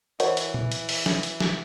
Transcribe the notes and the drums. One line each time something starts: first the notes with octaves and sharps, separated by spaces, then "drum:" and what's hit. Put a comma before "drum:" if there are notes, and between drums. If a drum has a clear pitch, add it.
E3 F#4 A#4 C5 C#5 D#5, drum: hi-hat
drum: hi-hat
drum: tom A#2
drum: hi-hat
drum: open hi-hat
drum: snare
drum: hi-hat
drum: snare